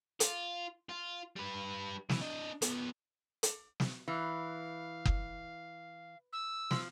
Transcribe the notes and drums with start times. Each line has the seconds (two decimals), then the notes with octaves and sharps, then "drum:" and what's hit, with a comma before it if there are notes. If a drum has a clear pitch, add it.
0.20 F4, drum: hi-hat
0.89 F4
1.36 G3 B4
2.09 E3, drum: snare
2.21 D4 D#5
2.62 F3 B3, drum: hi-hat
3.43 drum: hi-hat
3.80 drum: snare
4.08 E3 F5
5.05 drum: kick F#1
6.33 E6
6.71 F3, drum: snare